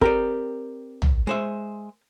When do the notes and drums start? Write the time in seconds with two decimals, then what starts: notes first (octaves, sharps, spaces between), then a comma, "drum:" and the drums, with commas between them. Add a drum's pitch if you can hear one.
0.01 C4 G4 A#4 D5, drum: kick
1.02 drum: tom
1.27 G#3 C5 E5